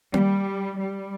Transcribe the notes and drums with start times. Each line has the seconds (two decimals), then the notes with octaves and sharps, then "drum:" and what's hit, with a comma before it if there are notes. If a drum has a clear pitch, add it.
0.14 G3, drum: tom A#3
0.78 G3